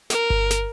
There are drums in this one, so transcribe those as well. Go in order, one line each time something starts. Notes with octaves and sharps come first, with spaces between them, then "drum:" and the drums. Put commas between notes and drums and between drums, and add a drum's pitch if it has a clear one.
A#4, drum: snare
drum: kick G1
drum: snare